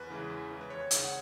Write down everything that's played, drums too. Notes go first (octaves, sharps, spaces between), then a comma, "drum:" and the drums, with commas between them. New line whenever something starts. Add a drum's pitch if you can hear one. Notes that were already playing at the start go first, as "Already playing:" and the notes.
Already playing: E2 B4
C#3 E3 G#3
E2
C#3 E3 G#3
B4
D#2 C#5
C#3 G#3, drum: hi-hat
F#5